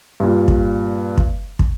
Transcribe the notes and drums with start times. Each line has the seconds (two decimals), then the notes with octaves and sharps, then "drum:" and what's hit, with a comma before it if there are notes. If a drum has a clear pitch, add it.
0.20 G2 A#2
0.48 drum: kick
1.18 drum: kick
1.59 drum: kick